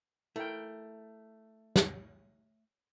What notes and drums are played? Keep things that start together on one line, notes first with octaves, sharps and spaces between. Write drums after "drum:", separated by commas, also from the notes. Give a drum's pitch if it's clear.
A3 E4 A#4 G5
drum: snare